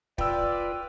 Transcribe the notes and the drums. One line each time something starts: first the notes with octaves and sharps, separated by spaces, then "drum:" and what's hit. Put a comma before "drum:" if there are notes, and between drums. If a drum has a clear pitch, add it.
F4 B4 D5 G5 E6, drum: kick